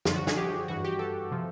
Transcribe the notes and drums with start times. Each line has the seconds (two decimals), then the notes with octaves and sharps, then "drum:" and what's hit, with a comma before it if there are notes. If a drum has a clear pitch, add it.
0.05 F#2 D3 F3 F4, drum: snare
0.16 F#4
0.27 G#4, drum: snare
0.37 G4
0.68 G2 E3 F#4
0.84 G4
0.99 A4
1.31 C3 F3